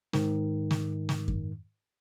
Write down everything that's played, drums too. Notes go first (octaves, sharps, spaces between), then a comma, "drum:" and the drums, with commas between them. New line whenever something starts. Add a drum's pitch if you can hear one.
G#2 D#3, drum: snare
drum: snare
drum: snare
drum: kick F#2